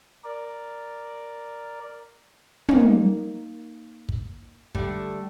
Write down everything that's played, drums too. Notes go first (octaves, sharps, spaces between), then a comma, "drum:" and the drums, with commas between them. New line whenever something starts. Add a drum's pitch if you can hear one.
A#4 D5
A#3 D#4, drum: tom
drum: kick
D3 G3 A3, drum: kick